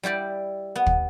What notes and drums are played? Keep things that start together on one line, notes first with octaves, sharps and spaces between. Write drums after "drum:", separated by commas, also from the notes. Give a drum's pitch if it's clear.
G3 E4 G4 D5
B3
drum: kick